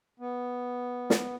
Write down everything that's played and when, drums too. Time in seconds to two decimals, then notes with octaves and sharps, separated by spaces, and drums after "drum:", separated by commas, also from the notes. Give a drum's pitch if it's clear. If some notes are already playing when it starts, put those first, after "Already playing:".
0.20 B3
1.10 drum: snare